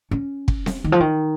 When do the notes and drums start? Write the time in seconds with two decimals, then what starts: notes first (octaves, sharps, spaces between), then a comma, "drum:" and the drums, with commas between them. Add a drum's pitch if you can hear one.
0.11 C#4
0.48 drum: kick
0.66 drum: snare C4
0.84 D#3
0.92 F3
1.00 D#3